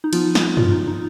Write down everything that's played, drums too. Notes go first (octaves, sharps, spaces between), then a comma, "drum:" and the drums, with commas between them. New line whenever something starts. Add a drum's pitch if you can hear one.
D#4
F3 B3 F4, drum: cymbal
drum: snare
F4, drum: tom F#2
D#4
D#4